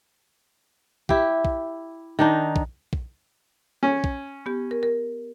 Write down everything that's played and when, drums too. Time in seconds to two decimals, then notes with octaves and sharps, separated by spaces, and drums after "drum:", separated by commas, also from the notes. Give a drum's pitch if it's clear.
1.09 E4 G4, drum: kick
1.45 drum: kick
2.19 D#3 D4 D#4
2.56 drum: kick
2.93 drum: kick
3.83 C#4
4.04 drum: kick
4.46 B3 G4
4.71 A#4
4.83 A#4